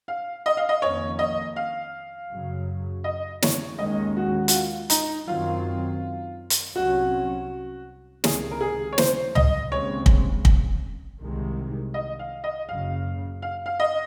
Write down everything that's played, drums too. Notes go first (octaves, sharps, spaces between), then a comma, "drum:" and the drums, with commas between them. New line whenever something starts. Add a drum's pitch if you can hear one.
F5
D#5
F5
D#5
F2 D#3 A#3 C#4 C#5
D#5
F5
F#2 C#3 F#3
D#5
C#5, drum: snare
D#2 D#3 G#3 C#4 D#5
F#4
F#4, drum: hi-hat
F4
D#4, drum: hi-hat
F#2 D#3 F#3 C4 F4
drum: hi-hat
C2 C3 F#3 C#4 F#4
C#2 C3 D#3 G#4, drum: snare
A#4
G#4
C#5
C5, drum: snare
D#5, drum: tom C#2
D#2 C#3 G#3 C4 C#5
drum: kick
drum: kick
C2 C3 D#3 G#3
D#5
F5
D#5
F#1 F#2 C#3 F5
F5
F5
D#5